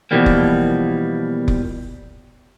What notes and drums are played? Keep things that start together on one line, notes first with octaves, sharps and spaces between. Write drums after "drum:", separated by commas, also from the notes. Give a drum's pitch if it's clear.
B2 E3 F3 G3 A#3
drum: kick F1
drum: kick F1